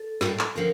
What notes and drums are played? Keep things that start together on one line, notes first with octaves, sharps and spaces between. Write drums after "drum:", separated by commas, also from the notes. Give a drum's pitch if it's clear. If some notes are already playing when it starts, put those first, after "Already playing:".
Already playing: A4
A2 G3 D4 F4, drum: snare
drum: clap
D3 F3 C4 F4 A#4